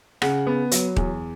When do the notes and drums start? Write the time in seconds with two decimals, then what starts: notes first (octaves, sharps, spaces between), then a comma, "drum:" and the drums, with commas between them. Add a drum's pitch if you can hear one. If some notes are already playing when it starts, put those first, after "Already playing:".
0.22 C#3 F#5, drum: rim click
0.47 B3
0.71 F#3, drum: hi-hat
0.96 E2, drum: kick D#1